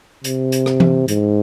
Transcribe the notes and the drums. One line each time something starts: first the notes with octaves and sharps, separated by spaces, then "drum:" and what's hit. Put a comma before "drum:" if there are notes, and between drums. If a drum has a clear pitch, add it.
C3, drum: hi-hat
drum: hi-hat
drum: rim click
drum: tom E3
G#2, drum: hi-hat